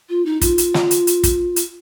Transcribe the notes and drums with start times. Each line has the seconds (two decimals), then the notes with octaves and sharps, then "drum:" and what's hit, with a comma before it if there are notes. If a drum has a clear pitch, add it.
0.09 F4
0.25 D#4
0.41 F4, drum: kick, hi-hat
0.58 drum: hi-hat
0.74 drum: snare
0.91 drum: hi-hat
1.07 drum: hi-hat
1.23 drum: kick, hi-hat
1.56 drum: hi-hat